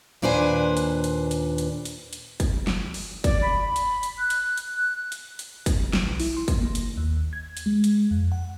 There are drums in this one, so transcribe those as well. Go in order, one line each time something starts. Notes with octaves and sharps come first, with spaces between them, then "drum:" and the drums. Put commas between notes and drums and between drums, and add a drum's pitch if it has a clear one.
D#2 A#2 D4 B4 C5 G#5
drum: hi-hat
drum: hi-hat
drum: hi-hat
drum: hi-hat
drum: hi-hat
drum: hi-hat
drum: kick, hi-hat
drum: snare
drum: open hi-hat
D5, drum: kick, hi-hat
B5
drum: hi-hat
drum: hi-hat
F#6
drum: hi-hat
drum: hi-hat
F#6
drum: hi-hat
drum: hi-hat
drum: kick, hi-hat
drum: snare
B1
E4, drum: open hi-hat
C6
drum: kick, hi-hat
A#3
drum: hi-hat
D#2
G#6
drum: hi-hat
G#3
drum: hi-hat
F2
F#5